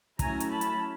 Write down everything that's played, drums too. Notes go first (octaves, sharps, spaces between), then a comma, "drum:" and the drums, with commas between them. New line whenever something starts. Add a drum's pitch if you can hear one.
F#3 A3 C#4 E4 G#5 A#5, drum: kick, hi-hat
drum: hi-hat
A5 B5
drum: hi-hat